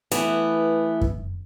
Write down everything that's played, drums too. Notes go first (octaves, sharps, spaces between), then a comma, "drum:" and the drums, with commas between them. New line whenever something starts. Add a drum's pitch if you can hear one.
E3 A3 B3, drum: hi-hat
drum: kick F#2